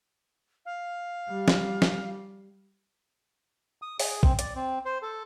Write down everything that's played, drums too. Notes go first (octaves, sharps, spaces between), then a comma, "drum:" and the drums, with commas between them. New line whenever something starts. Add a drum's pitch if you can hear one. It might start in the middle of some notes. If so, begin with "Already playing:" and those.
F5
G3
drum: snare
drum: snare
D#6
G#4, drum: open hi-hat
C4, drum: kick A#1
D5, drum: hi-hat
C4
C5
A4